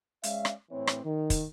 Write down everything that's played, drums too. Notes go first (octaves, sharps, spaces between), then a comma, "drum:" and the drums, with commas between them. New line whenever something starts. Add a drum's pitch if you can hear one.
G#3 C#4 D5 E5 F5, drum: hi-hat
drum: rim click
A2 E3 C4 C#5
drum: rim click
D#3
drum: kick, hi-hat